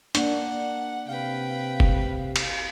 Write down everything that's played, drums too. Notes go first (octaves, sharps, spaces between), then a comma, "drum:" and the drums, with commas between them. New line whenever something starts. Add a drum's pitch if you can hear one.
A#3 D4 F#5, drum: hi-hat
C3 B4 F5 G5
drum: kick
drum: cymbal